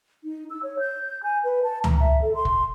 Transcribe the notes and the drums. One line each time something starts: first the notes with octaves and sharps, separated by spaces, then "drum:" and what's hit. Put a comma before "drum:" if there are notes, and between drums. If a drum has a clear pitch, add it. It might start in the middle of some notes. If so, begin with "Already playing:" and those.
D#4
E6
C#5
G6
G#5
B4
A5
A#5, drum: tom C#2
E5
A4
C6
drum: kick